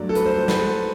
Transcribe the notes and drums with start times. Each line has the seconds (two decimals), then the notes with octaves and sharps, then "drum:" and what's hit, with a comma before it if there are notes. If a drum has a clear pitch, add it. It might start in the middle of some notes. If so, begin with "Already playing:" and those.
Already playing: G2 F#3 A3 D5
0.09 A4
0.15 B4, drum: hi-hat
0.26 C5
0.38 C5
0.48 B4, drum: snare